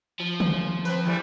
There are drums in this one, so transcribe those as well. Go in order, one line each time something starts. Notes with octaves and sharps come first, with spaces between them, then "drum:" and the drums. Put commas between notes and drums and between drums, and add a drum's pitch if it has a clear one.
F3
F#2, drum: tom D3
C4 B4, drum: tambourine
E3 G3 A3